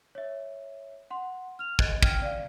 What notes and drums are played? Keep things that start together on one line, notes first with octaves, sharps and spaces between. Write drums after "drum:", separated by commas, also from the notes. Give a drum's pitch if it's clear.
C#5 E5
F#5 C6
F6 F7
D#5 F#6 G#6 A6, drum: kick
G5 F6 G#6 D#7, drum: kick
D5 F5